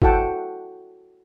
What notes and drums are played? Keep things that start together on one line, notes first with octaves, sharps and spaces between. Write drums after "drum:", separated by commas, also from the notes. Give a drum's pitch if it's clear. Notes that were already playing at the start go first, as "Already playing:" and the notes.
E4 F#4 A4 F#5 G5 A5, drum: kick